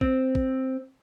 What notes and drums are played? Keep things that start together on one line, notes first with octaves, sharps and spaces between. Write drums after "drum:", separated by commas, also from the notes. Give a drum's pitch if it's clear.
C4, drum: kick
drum: kick